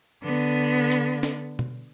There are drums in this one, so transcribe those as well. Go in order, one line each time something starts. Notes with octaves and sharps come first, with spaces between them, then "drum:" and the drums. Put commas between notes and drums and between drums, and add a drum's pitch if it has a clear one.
D3 B3
drum: hi-hat
drum: snare
drum: tom B2